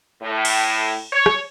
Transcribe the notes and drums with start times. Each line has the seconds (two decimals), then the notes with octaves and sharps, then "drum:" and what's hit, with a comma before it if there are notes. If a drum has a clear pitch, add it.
0.22 A2
0.45 drum: cymbal
1.13 C#5
1.26 drum: rim click